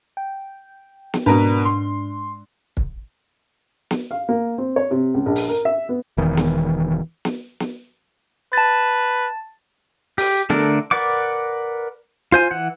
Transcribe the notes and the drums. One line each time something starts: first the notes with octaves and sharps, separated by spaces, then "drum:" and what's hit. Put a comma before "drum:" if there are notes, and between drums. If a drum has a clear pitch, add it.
G5
drum: snare
G#2 B2 D4 A#4 B4
C6
drum: kick
drum: snare
F5
A#3
C4
C#5
C3
C#2
A#1
drum: open hi-hat
A#4
E5
B3
E1 E2 D#3 E3
drum: snare
drum: snare
drum: snare
B4 A5 A6
G4, drum: open hi-hat
D3 A3 D4 A#4, drum: snare
A#4 B4 D5 F#5 D6
F4 C5 G#5
E3 F#5